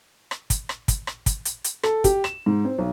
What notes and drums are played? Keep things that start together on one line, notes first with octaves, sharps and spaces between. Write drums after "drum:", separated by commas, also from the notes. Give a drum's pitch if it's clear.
drum: rim click
drum: kick, hi-hat
drum: rim click
drum: kick, hi-hat
drum: rim click
drum: kick, hi-hat
drum: hi-hat
drum: hi-hat
A4, drum: rim click
G4, drum: kick, hi-hat
E7, drum: rim click
G#2
C4
B1